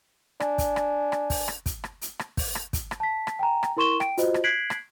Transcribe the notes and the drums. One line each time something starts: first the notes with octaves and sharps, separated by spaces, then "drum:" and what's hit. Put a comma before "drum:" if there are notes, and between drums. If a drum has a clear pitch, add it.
D4 G#5, drum: rim click
drum: kick, hi-hat
drum: rim click
drum: rim click
drum: kick, open hi-hat
drum: rim click
drum: kick, hi-hat
drum: rim click
drum: hi-hat
drum: rim click
drum: kick, open hi-hat
drum: rim click
drum: kick, hi-hat
drum: rim click
A5 B6
drum: rim click
G5 G#5 A#5
drum: rim click
E4 A#4 C6 C#6 E7 G7
G5 D7, drum: rim click
F4 F#4 C5 D#5, drum: hi-hat
drum: rim click
F#6 G#6 B6 C7 D7 F#7
drum: rim click